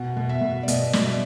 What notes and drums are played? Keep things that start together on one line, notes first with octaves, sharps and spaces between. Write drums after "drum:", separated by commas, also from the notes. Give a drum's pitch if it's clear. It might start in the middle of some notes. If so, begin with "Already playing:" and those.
Already playing: B2 F#5
B2
E5
B2
D5
B2 D#5, drum: hi-hat
B2, drum: snare
D5